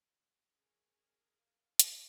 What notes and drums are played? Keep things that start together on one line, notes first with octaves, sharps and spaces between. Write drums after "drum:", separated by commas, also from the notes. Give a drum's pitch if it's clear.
C#4 G#4 A#4
F5
drum: hi-hat